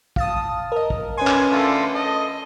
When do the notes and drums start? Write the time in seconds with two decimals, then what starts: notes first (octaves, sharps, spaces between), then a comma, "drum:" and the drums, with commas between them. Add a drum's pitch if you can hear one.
0.16 F5 A5 D#6, drum: kick
0.72 A#4 D#5
0.90 drum: kick
1.17 C#4 B4 G#5 C6
1.27 drum: clap
1.51 D3 A3 F4
1.94 A4 D#5